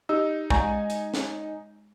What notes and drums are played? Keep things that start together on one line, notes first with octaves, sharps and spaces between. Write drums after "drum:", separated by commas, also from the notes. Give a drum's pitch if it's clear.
D#4 G4
G#3 D5 G#5 A#5 C#6, drum: kick
drum: hi-hat
drum: snare